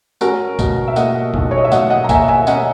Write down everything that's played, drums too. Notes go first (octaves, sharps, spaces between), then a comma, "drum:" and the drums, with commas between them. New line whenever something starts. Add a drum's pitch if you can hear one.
C#4 F#4 A#4, drum: tambourine
B2, drum: kick, tambourine
E5
A#3 D#5 F#5, drum: tambourine
B1, drum: kick
C#5
D#5
E5
B2 D#5 F#5, drum: tambourine
D#5 F#5
A#5
A#3 E5 G#5, drum: kick, tambourine
E5 G#5
C#4 D#5 F#5, drum: tambourine